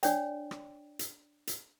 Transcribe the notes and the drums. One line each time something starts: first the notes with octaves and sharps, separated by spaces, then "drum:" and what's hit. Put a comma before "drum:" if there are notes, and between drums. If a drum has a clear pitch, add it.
D4 C#5 D5 G5, drum: hi-hat
drum: rim click
drum: hi-hat
drum: hi-hat